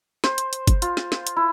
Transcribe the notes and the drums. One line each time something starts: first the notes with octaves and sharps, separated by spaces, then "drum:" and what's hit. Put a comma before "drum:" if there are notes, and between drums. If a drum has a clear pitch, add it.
C5, drum: snare
drum: hi-hat
drum: hi-hat
drum: kick, hi-hat
F4, drum: hi-hat
drum: snare
drum: snare
drum: hi-hat
E4